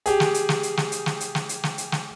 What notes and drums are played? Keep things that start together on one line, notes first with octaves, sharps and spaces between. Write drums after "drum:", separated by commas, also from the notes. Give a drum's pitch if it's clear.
G4 G#4, drum: hi-hat
drum: snare
drum: hi-hat
drum: snare
drum: hi-hat
drum: snare
drum: hi-hat
drum: snare
drum: hi-hat
drum: snare
drum: hi-hat
drum: snare
drum: hi-hat
drum: snare